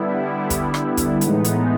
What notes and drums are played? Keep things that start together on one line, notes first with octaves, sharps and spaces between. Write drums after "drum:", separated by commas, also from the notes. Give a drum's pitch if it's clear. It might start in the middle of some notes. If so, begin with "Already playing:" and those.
Already playing: D3 G3 B3 E4
drum: kick, hi-hat
drum: rim click
drum: kick, hi-hat
A2 E3 G#3 B3 D#4, drum: hi-hat
drum: hi-hat